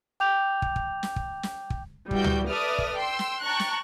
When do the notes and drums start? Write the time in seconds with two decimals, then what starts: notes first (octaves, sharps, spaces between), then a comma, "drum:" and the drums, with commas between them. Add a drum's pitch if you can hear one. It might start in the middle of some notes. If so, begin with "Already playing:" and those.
0.20 G5 D6 G6 F7
0.62 drum: kick
0.76 drum: kick
1.03 drum: snare
1.16 drum: kick
1.43 drum: snare
1.70 drum: kick
2.11 E3 G3 F#4 G5 G6, drum: kick
2.24 drum: tom C#2
2.49 A4 B4 D5 E5 D#6 F6
2.78 drum: kick
2.96 G5 C6 E6
3.19 drum: snare
3.41 G5 A5 A#5 C#6 F#6
3.60 drum: snare